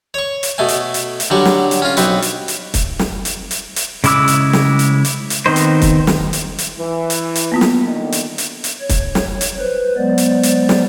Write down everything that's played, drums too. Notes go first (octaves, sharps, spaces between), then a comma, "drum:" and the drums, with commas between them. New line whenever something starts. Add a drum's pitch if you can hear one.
C#5 C#6
drum: hi-hat
B2 A3 G#5
drum: hi-hat
drum: hi-hat
drum: hi-hat
D3 F#3 G3 C#6
drum: snare
drum: hi-hat
C#4 F4
B1 C4 B4 C#6, drum: hi-hat
drum: hi-hat
drum: hi-hat
drum: kick, hi-hat
drum: snare
drum: hi-hat
drum: hi-hat
drum: hi-hat
C#3 G#3 E4 D6 E6, drum: hi-hat
drum: hi-hat
drum: snare
drum: hi-hat
drum: hi-hat
drum: hi-hat
D#3 B3 C4 D#4 C5
drum: hi-hat
drum: kick, hi-hat
drum: snare
drum: hi-hat
drum: hi-hat
E3
drum: hi-hat
drum: hi-hat
A#3 B3 F4
drum: snare
D3 D#3
drum: hi-hat
drum: hi-hat
drum: hi-hat
C#5
drum: kick, hi-hat
drum: snare
drum: hi-hat
B4 C5
F#3 G#3 B3 C5 D5
drum: hi-hat
drum: hi-hat
drum: snare